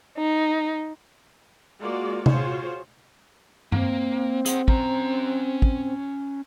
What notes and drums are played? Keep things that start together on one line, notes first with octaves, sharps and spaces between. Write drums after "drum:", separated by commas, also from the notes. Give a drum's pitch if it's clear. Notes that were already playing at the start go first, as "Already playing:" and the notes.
D#4
G#3 A#3 F4 F#4 D5
F4 F#4 G#4 C5 C#5, drum: tom C3
A#3 C4, drum: tom G2
G#4 F#5, drum: hi-hat
C#4 A#5, drum: kick
drum: kick